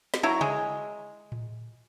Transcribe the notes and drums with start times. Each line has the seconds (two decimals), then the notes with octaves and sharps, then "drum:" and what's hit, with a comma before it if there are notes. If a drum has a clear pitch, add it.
0.14 drum: snare
0.23 F#3 E4 A#5
0.41 G#3, drum: tom C#3
1.32 drum: tom A2